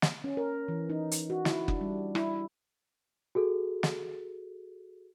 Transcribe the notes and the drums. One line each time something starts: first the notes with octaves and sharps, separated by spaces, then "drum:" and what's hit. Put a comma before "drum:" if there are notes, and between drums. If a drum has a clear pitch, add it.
drum: snare
C#4
A#4
E3
D#4
drum: hi-hat
F#4
E4, drum: snare
D4, drum: kick F#1
G3
E4, drum: rim click
F#4 G#4 A4
drum: snare